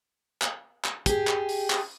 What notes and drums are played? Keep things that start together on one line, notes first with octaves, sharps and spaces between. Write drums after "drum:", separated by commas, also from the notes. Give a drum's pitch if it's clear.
drum: clap
drum: clap
G4 G#4, drum: kick, hi-hat
drum: clap
drum: open hi-hat
drum: clap